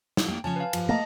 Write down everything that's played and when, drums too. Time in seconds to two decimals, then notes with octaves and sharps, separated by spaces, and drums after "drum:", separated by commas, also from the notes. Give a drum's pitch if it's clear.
0.17 drum: snare
0.28 A#3 G5
0.44 C#3 F3 C#4 G#5 A5
0.56 B4 F5
0.73 G2 F3, drum: cymbal
0.89 A3 A#3 D#5 A5 A#6